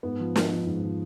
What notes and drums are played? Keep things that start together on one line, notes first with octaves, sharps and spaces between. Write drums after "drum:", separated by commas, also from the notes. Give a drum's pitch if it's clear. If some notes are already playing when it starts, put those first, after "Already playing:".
G#2 B3
F3
F3, drum: snare
F3
G#2
F3